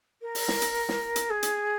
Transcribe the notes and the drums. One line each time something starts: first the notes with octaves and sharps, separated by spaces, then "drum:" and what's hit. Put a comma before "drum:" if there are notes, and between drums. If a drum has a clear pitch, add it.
A#4
drum: open hi-hat
drum: snare
drum: hi-hat
drum: snare
drum: hi-hat
G#4
drum: hi-hat